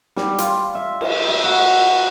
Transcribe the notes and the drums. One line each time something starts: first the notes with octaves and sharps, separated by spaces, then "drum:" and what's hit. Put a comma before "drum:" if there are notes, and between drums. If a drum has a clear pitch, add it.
G3, drum: snare
F4, drum: hi-hat
E5
drum: cymbal
E5
F#4